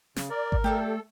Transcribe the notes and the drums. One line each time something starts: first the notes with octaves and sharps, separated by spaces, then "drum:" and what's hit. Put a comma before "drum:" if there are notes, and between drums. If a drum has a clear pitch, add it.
C#3, drum: snare
A#4 D5
drum: kick G#1
A3 G4 A4 D5 E5